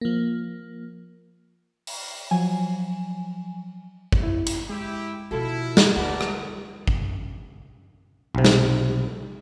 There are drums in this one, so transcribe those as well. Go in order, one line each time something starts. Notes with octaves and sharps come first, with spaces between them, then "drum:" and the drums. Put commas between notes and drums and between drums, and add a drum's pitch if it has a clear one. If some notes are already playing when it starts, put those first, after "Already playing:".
F3 A#3
drum: open hi-hat
F3 F#3 G#5
drum: kick
E4
drum: hi-hat
G#3 E4 G4
B2 D#3 F3 E4 F#4 A4
drum: snare
D2 D#3 A3 C#4 A#4 B4 D5 F#5
drum: rim click
drum: kick
B1 C3
drum: snare